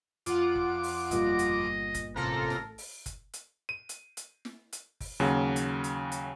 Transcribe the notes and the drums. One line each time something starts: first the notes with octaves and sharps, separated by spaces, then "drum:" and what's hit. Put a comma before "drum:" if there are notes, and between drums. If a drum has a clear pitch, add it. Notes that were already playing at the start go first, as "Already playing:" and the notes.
F2 F4 F#5 D6, drum: hi-hat
drum: kick F#1
drum: open hi-hat
G1 A#2 G3 D#5, drum: hi-hat
drum: hi-hat
drum: kick F#1, hi-hat
A1 C3 F4 A4 A#4 A#5
drum: snare
drum: open hi-hat
drum: kick F#1, hi-hat
drum: hi-hat
D#7
drum: hi-hat
drum: hi-hat
drum: snare
drum: hi-hat
drum: kick F#1, open hi-hat
D#2 C#3 F#3
drum: hi-hat
drum: hi-hat
drum: hi-hat